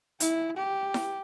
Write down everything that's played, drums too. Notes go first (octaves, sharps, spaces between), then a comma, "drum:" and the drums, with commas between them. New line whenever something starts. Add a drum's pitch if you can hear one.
E4, drum: hi-hat
G4
drum: snare E4